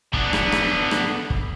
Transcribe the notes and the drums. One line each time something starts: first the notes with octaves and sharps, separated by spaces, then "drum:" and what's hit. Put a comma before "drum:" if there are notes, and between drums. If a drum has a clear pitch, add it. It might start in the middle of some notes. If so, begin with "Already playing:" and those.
D3 B3, drum: kick
drum: rim click
drum: rim click
drum: rim click
drum: kick